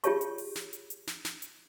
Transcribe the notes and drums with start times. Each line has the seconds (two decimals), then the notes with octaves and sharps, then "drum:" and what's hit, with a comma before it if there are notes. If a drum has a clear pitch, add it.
0.04 F4 G4 G#4 C#5 A5 C#6, drum: hi-hat
0.21 drum: hi-hat
0.38 drum: open hi-hat
0.55 drum: snare
0.73 drum: hi-hat
0.90 drum: hi-hat
1.07 drum: snare
1.25 drum: snare
1.42 drum: hi-hat